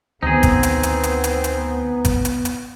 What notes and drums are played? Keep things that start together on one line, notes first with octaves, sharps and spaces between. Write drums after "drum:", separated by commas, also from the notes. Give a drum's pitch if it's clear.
D2 D#3 B3 C4 D#4 G#4
drum: kick, hi-hat
drum: hi-hat
drum: hi-hat
drum: hi-hat
drum: hi-hat
drum: hi-hat
drum: kick, hi-hat
drum: hi-hat
drum: hi-hat